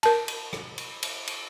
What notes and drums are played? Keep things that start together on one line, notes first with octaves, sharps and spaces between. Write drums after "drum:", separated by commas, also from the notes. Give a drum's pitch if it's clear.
A#4 A5, drum: cymbal
drum: cymbal
drum: rim click
drum: cymbal
drum: cymbal
drum: cymbal